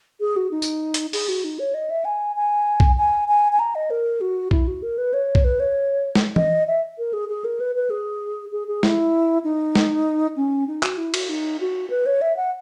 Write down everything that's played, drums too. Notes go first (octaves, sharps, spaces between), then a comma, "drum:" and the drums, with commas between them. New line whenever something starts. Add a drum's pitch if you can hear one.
G#4
F#4
D#4
drum: tambourine
drum: hi-hat
G#4, drum: open hi-hat
F#4
D#4
C#5
D#5
E5
G#5
G#5
drum: kick
G#5
G#5
G#5
A#5
D#5
A#4
F#4
E4, drum: kick
F#4
A#4
B4
C#5
drum: kick
B4
C#5
drum: snare
D#5, drum: tom
E5
A#4
G#4
G#4
A#4
B4
B4
G#4
G#4
G#4
E4, drum: snare
D#4
drum: snare
C#4
D#4
F#4, drum: clap
E4
F#4, drum: cymbal
D#4
F#4
B4
C#5
E5
F#5